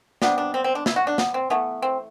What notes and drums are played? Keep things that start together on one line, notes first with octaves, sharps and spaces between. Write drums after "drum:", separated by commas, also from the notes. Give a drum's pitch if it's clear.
C3 G3 B3 D4, drum: snare
D4
C4
C4
D4
E4, drum: snare
F#4
D4
B3, drum: snare
C4
E3 A3 B3
C4